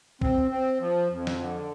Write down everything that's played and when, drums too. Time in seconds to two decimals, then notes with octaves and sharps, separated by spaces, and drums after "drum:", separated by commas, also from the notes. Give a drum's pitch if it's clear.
0.22 C4, drum: kick
0.51 C4
0.80 F3
1.10 F2
1.27 drum: snare
1.39 D3